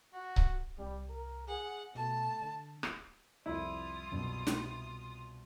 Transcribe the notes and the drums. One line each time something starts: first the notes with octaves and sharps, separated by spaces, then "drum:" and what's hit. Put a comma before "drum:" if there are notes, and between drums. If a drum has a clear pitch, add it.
F#4
drum: kick C#1
C2 G3
A#4
G#4 F#5
B2 A3 A5
D3
drum: rim click
C2 F2 E4 F4 D#6
C2 F#2 B2
drum: snare